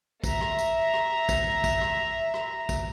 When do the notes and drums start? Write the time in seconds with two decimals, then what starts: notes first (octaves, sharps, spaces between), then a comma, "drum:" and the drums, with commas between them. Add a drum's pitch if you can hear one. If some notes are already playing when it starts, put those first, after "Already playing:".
0.24 E5 A#5, drum: kick, tambourine
0.41 drum: rim click
0.59 drum: tambourine
0.94 drum: rim click
1.29 drum: kick, tambourine
1.64 drum: kick, tambourine
1.81 drum: rim click
2.34 drum: rim click
2.69 drum: kick, tambourine